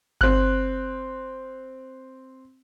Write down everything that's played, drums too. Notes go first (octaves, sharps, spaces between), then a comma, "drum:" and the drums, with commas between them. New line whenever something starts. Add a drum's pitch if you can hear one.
C4 F#6, drum: kick G1